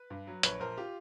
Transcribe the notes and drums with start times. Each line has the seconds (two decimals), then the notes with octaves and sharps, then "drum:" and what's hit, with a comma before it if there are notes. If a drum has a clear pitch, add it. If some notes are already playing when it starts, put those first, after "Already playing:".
Already playing: B4
0.10 G2
0.27 F#3
0.43 A#1 B4 C#5, drum: hi-hat
0.60 A#1 A#4 C5
0.78 F4 G4